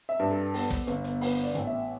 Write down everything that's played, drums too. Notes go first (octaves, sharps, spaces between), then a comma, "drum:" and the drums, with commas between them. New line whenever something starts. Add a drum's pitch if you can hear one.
E5
G2
A4
B3 A4, drum: open hi-hat
drum: kick, hi-hat
G1, drum: hi-hat
drum: hi-hat
B3 B4, drum: open hi-hat
D5
A1, drum: hi-hat
E5